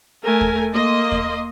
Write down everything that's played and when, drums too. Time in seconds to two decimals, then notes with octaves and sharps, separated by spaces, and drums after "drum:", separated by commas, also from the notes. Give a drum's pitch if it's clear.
0.23 A3 A#4 G#5
0.41 drum: kick
0.74 A#3 D#5 C6
1.12 drum: kick